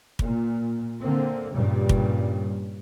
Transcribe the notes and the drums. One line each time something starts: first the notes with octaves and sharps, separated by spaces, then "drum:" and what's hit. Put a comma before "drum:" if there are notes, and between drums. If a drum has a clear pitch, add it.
A#2, drum: kick
D3 A#3 C4
G2 A#2 C#3 G3
drum: kick